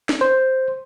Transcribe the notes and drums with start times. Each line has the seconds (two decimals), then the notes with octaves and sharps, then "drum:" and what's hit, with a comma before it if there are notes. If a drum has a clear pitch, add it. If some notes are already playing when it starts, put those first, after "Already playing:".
0.09 drum: snare
0.21 C5